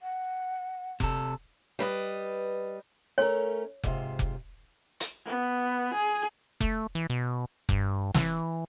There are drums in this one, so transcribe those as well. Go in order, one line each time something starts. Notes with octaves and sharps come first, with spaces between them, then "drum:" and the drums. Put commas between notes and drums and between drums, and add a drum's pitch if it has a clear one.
F#5
C3 A4, drum: kick F1
G3 B4 D#5
A3 C#4 A#4 C#5
G#2 C3 F4, drum: kick F1
drum: kick F1
drum: hi-hat
B3
G#4
A3, drum: kick F1
E3
B2
G2, drum: kick F1
E3, drum: snare